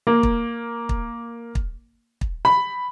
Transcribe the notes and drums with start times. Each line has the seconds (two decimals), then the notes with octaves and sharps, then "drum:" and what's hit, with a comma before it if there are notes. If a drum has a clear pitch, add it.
0.07 A#3
0.23 drum: kick
0.89 drum: kick
1.55 drum: kick
2.21 drum: kick
2.45 B5